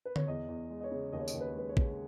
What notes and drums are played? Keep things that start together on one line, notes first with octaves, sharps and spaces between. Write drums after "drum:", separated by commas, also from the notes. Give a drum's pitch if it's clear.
B4
C#5, drum: tom D3
E2 D#5
E2
G#3
D#5
C#5
C#3
D#2 D#5
C#5
D#5, drum: tambourine
D#2
B4
G#3 B4
C#5
C#3, drum: kick